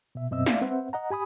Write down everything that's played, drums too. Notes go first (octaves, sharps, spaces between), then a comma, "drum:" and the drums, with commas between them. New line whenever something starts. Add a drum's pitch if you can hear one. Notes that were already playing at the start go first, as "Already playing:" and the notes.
B2 E5
F#2 B2 C4 D#5 E5 E6
D5 E5 F5, drum: snare
C4 B4 C5 E5 F#5
D#5 F#5 A#5
G4 G#5 B5 D#6